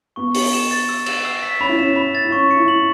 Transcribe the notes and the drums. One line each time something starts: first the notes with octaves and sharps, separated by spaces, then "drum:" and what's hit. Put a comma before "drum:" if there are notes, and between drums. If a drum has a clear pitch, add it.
B3 C#6
C#7, drum: open hi-hat
E7
A6
E6
E7, drum: cymbal
E6
B6
C#4 B5
E4
C#4 E7
B5
A6
E4
C#4 C#6
C#7
E4
F#7